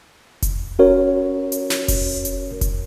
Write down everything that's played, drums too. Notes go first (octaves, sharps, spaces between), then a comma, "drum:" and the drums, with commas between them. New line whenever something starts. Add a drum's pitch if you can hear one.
drum: kick F1, hi-hat
C#4 F#4 A#4 C#5
drum: hi-hat
drum: snare
drum: kick F1, open hi-hat
drum: hi-hat
drum: kick F1, hi-hat